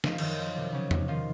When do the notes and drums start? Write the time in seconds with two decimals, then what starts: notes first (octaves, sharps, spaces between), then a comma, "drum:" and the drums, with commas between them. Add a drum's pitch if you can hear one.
0.04 F3 D#4, drum: snare
0.12 F4
0.18 F#2 D#3 D#4, drum: cymbal
0.39 F3
0.56 C3
0.72 C#3 F#3 C#4
0.91 C3, drum: tom
1.08 D#3 F3 F4